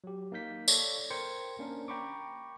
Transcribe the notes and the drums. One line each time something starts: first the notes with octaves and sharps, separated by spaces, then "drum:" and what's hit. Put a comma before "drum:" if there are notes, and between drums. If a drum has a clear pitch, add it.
F#3 G4
A#3 D#4 F5 G6 B6
A4 C#5 D5, drum: tambourine
A#4 C5 G5 C6 G#6 C#7
A#3 C#4 D4 A#4
G5 A#5 B5 C#6 D6